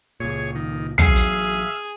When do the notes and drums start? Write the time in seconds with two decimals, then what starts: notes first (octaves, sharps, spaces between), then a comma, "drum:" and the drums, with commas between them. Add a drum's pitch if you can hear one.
0.20 C#2 A#2 G#4 C#5
0.55 D#3
0.98 A1 F#3 G#4 E5 F5 C7, drum: tom
1.16 drum: hi-hat